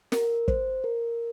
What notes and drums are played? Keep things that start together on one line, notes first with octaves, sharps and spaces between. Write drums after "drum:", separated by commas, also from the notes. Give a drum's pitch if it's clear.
A#4, drum: snare
C5, drum: kick
A#4